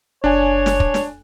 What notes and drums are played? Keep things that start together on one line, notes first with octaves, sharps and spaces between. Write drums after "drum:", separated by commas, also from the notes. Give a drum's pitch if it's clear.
F#1 D4 C#5 G#5
drum: snare
drum: kick
drum: snare